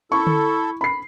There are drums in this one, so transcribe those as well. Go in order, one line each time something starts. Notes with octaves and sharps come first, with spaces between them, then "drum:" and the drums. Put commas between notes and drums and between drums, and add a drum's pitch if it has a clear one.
E4 A4 C#6
drum: tom D3
B5 C7